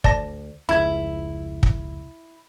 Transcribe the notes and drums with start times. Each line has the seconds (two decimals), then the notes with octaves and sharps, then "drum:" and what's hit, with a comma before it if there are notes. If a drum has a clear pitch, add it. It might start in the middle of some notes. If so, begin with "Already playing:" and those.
0.04 D2 D5 A5 A#6, drum: kick
0.69 F1 C#2 E4 B5 G#6
1.63 drum: kick